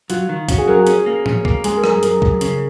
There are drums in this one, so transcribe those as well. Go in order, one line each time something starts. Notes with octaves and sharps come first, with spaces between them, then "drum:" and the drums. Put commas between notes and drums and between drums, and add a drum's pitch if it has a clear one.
F#3 F4, drum: hi-hat
D#3
C#4 F#4, drum: kick, hi-hat
G#4
F#3 A#4
G#4
C#4, drum: hi-hat
A#3
C#4, drum: tom A2
A#3, drum: kick
G#3 G#4, drum: hi-hat
A#4
F#2, drum: rim click
G#4
F#2 A#4, drum: hi-hat
F#2, drum: kick
C#3, drum: hi-hat